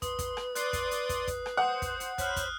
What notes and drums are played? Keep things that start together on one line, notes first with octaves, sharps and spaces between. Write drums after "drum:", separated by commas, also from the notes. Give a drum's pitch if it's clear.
B4 C6 D#6, drum: kick, hi-hat
drum: kick, hi-hat
drum: rim click
D5 C6 D#6 F#6 C7, drum: hi-hat
drum: kick, hi-hat
drum: hi-hat
drum: kick, hi-hat
drum: kick, hi-hat
drum: rim click
C5 F#5 D#6
drum: kick, hi-hat
drum: hi-hat
C5 C#5 B5 F6 F#6, drum: kick, hi-hat
drum: kick, hi-hat